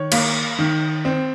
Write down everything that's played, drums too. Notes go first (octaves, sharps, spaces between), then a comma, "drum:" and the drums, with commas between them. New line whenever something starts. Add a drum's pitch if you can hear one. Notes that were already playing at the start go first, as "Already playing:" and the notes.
Already playing: D#3 C#5
A#3, drum: cymbal
D#3
C4